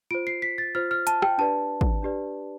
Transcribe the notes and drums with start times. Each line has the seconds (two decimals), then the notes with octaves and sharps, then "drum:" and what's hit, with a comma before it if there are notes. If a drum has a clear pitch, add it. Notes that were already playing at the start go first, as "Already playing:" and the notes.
0.11 F4 C5 D7
0.27 C7
0.42 B6
0.58 A6
0.75 F4 C5 F6
0.91 F6
1.07 A5, drum: hi-hat
1.22 G5, drum: rim click
1.38 D4 G4 B4 D5 A5
1.81 drum: kick
2.02 D4 G4 B4 D5